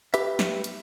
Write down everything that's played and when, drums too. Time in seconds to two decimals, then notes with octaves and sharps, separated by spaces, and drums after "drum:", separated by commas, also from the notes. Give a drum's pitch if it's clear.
0.14 G4 B4 E5, drum: hi-hat
0.39 drum: snare
0.64 drum: hi-hat